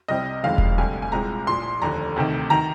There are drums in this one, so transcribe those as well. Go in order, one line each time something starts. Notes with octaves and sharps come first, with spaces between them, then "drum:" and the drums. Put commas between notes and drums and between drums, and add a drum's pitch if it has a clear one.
C2 C3 G3 C4 D#5
F1 F2 D#3 G#3 C4 F5
drum: kick E1
D2 C3 G3 G#5
G#5
C2 A#2 G#3 C4 A#5
A#1 A#2 F3 C6
F1 D#2 D3 A#5
D2 C3 D#3
D#3 A#5